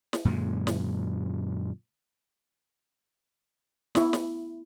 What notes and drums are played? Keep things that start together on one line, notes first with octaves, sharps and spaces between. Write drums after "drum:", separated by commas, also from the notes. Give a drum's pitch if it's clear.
drum: snare
F#2 A#2 D3 G#3
drum: snare
B3 E4, drum: snare
drum: snare